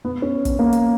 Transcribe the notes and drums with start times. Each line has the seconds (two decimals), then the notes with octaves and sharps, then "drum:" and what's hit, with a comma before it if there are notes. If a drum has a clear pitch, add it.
0.05 B3
0.22 C#4
0.45 drum: kick, hi-hat
0.59 A#3
0.73 drum: hi-hat